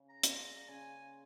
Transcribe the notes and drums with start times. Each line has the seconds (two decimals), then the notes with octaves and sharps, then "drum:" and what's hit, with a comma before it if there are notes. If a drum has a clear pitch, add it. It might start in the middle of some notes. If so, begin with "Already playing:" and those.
Already playing: C#3
0.09 A#5
0.23 G3 A#3 F4, drum: hi-hat
0.39 A#5
0.68 C#3 G#5